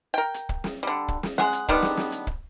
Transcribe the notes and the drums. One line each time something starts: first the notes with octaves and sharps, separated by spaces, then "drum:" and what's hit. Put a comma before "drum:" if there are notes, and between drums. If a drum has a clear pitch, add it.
A#4 G5
drum: hi-hat
drum: kick
drum: snare
D3 G3
drum: kick
drum: snare
G#3 F#5, drum: snare
drum: hi-hat
D3 D#3 G3 B3, drum: kick
drum: snare
drum: snare
drum: hi-hat
drum: kick